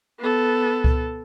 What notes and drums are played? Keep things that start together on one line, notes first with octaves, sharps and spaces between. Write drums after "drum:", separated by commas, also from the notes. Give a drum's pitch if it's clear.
B3 A4
drum: kick C#2